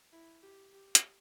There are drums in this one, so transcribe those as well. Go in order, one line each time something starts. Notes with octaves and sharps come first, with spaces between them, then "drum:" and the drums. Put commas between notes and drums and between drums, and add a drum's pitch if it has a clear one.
E4
G4
G4
drum: hi-hat